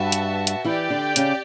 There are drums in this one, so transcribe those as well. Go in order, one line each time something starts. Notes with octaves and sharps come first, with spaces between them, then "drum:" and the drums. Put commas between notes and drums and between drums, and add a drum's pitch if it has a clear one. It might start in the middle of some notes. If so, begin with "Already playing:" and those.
Already playing: G2 G3 F#4 B4 E5 A5
drum: hi-hat
drum: hi-hat
E3 E4 G4 D5 G5
D3 D4
C#3 C#4, drum: hi-hat